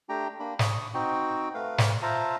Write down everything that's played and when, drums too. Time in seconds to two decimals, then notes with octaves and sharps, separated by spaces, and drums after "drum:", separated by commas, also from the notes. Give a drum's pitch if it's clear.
0.09 A3 D4 G4 G5 A#5
0.40 A#3 D4 B5
0.59 B5 C#6 D#6, drum: snare
0.94 C4 D#4 F#4 G5
1.54 A3 B4 F5
1.78 drum: snare
2.03 F4 C5 E5 F5 A5 A#5